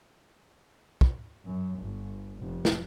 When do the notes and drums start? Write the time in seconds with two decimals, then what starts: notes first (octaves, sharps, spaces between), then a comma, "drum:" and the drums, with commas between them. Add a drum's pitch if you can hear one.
1.01 drum: kick
1.48 F#2
1.81 G1
2.37 F1
2.65 drum: snare